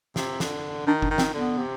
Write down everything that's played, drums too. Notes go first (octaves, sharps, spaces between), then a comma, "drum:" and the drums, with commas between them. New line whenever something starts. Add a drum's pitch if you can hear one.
C3, drum: snare
D3, drum: snare
D#3 D4
D4, drum: kick F#1
D#3
C4, drum: snare
D3 B3
C3